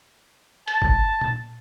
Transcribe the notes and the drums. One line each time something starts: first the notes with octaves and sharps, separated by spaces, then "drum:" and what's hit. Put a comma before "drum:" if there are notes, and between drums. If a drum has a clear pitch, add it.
A5, drum: hi-hat
drum: kick
drum: tom A#2